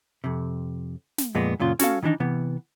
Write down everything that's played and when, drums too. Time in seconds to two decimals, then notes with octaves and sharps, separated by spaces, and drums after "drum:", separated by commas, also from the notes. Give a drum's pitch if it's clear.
0.24 F2 C3
1.18 drum: snare
1.35 F2 A#2 G#3 B3
1.60 F#2 A#2 C#3 F4
1.79 C#4 F#4 A4 F5, drum: snare
2.03 D#3 E3 G3 D4 D#4
2.20 C3 E3 B3